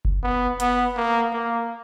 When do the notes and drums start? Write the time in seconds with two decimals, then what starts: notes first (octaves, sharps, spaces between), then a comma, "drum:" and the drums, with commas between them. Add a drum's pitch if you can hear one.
0.05 drum: kick F#1
0.23 B3
0.60 B3, drum: hi-hat
0.96 A#3
1.32 A#3